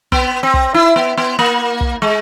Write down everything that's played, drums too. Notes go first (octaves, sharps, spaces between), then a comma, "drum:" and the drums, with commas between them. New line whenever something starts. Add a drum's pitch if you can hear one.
B3, drum: kick
C4
drum: kick
E4
B3
B3
A#3
drum: kick
G#3